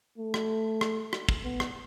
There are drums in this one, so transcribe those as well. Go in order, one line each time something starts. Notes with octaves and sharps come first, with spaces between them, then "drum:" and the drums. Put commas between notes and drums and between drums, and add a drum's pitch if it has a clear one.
A3
drum: rim click
drum: rim click
drum: rim click
drum: kick
B3
drum: rim click